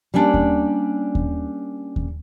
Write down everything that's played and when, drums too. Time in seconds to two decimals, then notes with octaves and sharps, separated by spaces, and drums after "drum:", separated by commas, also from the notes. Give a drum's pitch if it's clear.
0.14 G3 A#3 C#4 D4
0.34 drum: kick D#2
1.15 drum: kick D#2
1.96 drum: kick D#2